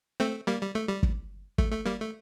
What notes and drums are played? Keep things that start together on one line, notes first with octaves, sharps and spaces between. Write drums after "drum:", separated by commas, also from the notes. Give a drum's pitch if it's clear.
A3 C4
G3 A#3
G3
A3
G3
drum: kick
A3, drum: kick
A3
G3 A#3
A3